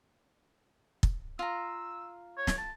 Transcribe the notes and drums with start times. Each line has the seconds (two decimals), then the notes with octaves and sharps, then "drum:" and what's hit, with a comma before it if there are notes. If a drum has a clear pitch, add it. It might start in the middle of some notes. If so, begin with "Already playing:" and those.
1.03 drum: kick
1.39 F4 A#5 E6
2.37 C#5
2.47 drum: snare
2.58 A5